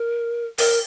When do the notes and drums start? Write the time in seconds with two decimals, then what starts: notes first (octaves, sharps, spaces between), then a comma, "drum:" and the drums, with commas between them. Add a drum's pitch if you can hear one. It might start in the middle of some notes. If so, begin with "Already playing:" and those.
Already playing: A#4
0.58 A#4, drum: open hi-hat